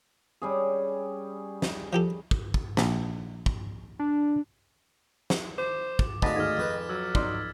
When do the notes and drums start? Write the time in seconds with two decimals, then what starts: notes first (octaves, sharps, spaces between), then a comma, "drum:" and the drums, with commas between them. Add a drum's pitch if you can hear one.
0.42 G3 C#4 G#4
1.62 drum: snare
1.93 F3 G4 A4
2.31 drum: kick
2.54 drum: kick
2.77 A#1, drum: snare
3.46 drum: kick
3.99 D4
5.30 drum: snare
5.58 C5 D6
5.99 drum: kick
6.22 D2 G#2 D#5 F5 A5 B5 A6 B6, drum: kick
6.36 D#3 G#3 F6 G#6
6.57 F2 B4
6.89 F#3 E6
7.15 D#4 D5 C6, drum: kick